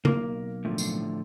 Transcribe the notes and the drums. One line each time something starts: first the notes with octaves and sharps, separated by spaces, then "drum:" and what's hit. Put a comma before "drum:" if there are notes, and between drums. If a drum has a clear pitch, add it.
B1 A#3, drum: tom C#3
A2 D3 F3
drum: tambourine